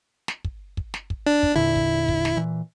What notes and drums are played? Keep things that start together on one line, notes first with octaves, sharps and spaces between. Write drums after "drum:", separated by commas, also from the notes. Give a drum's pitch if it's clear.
drum: snare
drum: kick
drum: kick
drum: snare
drum: kick
D4
drum: kick
E2 A#2 D3 E4
drum: kick
drum: kick
drum: snare
A#2 E3